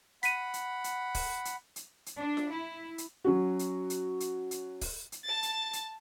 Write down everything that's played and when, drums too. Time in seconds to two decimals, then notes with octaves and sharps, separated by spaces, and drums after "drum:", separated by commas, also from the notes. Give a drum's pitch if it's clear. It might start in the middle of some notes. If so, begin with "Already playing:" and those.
0.23 F#5 B5 B6 D#7, drum: hi-hat
0.54 drum: hi-hat
0.84 drum: hi-hat
1.15 drum: kick, open hi-hat
1.45 drum: hi-hat
1.76 drum: hi-hat
2.06 drum: hi-hat
2.18 D4
2.37 drum: snare F4
2.52 E4
2.98 drum: hi-hat
3.24 F#3 C#4 F#4
3.59 drum: hi-hat
3.90 drum: hi-hat
4.20 drum: hi-hat
4.51 drum: hi-hat
4.81 drum: kick, open hi-hat
5.12 drum: hi-hat
5.24 A5 A6
5.43 drum: hi-hat
5.73 drum: hi-hat